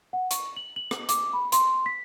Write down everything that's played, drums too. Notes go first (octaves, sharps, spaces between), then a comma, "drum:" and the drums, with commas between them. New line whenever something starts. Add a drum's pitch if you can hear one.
F#5
C#6, drum: hi-hat
F#7
F#7
drum: rim click
D6, drum: hi-hat
B5
C6, drum: hi-hat
B6